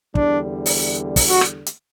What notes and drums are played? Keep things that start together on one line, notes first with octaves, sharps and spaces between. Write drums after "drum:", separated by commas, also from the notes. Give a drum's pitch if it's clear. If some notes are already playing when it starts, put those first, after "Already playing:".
E2 D3 G3 D4, drum: kick
drum: open hi-hat
drum: kick, open hi-hat
F#4
drum: rim click
drum: hi-hat